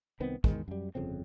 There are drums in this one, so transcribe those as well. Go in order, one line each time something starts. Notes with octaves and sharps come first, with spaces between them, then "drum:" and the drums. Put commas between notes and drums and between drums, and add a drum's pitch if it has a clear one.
C2 D#3 B3 C4
E2 G#2 D#3 G#3, drum: kick
F#2 G3
G1 F2 C#3 C4